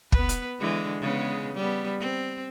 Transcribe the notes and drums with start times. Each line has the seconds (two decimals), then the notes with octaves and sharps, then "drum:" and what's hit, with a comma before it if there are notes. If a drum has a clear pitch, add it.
0.12 B3 B4, drum: kick
0.29 drum: hi-hat
0.59 D3 E3 G#3
1.01 C#3 G#3 B3
1.54 G3 B3
2.00 C4